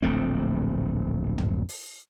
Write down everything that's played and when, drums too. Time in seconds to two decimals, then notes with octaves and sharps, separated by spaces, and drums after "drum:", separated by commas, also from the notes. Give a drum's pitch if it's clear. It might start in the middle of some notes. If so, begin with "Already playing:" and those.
0.02 D1 A#1 A3 C4
1.38 drum: tom
1.69 drum: open hi-hat